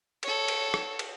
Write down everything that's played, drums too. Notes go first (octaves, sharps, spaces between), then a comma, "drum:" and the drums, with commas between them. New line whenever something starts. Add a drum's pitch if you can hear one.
A4 C#5, drum: cymbal
drum: cymbal
drum: rim click
drum: cymbal